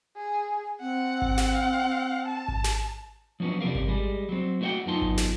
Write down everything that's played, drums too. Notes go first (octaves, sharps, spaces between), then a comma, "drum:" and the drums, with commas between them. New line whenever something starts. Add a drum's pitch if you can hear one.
G#4
C4 F#5
drum: kick G#1
drum: snare
A5
drum: kick G#1
drum: snare
F3 F#3 A#3 B3 C#4
F2 C3 G3 A#4 F5
drum: kick G#1
G3 G#3
F#3 C4
A3 F#4 A#4 E5 F#5 G5
F#2 B3 D#4 F4 A5 C6
drum: kick G#1
drum: snare